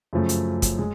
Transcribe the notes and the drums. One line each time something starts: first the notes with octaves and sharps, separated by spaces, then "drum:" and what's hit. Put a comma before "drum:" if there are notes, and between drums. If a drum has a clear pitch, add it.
F#2 C#3 F3 A3
drum: hi-hat
drum: kick, hi-hat
G#3